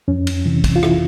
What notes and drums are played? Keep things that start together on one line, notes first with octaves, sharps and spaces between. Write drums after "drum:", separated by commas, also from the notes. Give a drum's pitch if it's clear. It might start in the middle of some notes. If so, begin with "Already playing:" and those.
F2 C#4
drum: cymbal
C3 E3
drum: kick, cymbal
F4
E4, drum: rim click